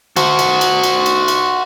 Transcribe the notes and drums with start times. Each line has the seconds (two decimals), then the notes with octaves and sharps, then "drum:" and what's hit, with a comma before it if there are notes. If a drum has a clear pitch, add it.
0.16 F#4 C5, drum: cymbal
0.39 drum: cymbal
0.61 drum: cymbal
0.83 drum: cymbal
1.06 drum: cymbal
1.28 drum: cymbal